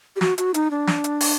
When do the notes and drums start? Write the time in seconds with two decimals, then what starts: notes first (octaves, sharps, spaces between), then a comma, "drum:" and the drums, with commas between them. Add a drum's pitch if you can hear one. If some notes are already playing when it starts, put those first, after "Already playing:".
0.16 G4
0.21 F#4, drum: snare
0.38 F#4, drum: hi-hat
0.54 D#4, drum: hi-hat
0.71 D4
0.87 drum: snare
1.04 drum: hi-hat
1.21 drum: open hi-hat